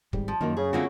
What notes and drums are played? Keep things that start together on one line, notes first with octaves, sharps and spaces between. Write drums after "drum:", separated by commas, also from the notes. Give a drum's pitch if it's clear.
G#1 G#2 G3, drum: kick
F3
F#2 D#3 A#3 F#4
C#3 G#4
D3 A3 A#3 C4 F4 F#4 G#4